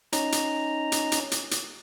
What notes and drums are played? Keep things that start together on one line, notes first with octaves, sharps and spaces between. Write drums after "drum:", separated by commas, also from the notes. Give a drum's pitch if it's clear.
C#4 D#4 A#5, drum: hi-hat
drum: hi-hat
drum: hi-hat
drum: hi-hat
drum: hi-hat
drum: hi-hat